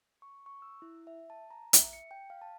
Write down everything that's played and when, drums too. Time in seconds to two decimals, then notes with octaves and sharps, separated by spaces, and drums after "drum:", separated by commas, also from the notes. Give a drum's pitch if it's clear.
0.22 C#6
0.46 C#6
0.62 E6
0.82 E4
1.07 E5
1.30 A5
1.51 A#5
1.73 E5, drum: hi-hat
1.93 C#7
2.11 G5
2.30 F5
2.42 A5